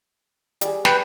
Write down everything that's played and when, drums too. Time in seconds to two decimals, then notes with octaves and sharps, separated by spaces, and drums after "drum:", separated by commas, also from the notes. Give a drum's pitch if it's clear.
0.61 G3 G#4, drum: hi-hat
0.85 B4 G5, drum: snare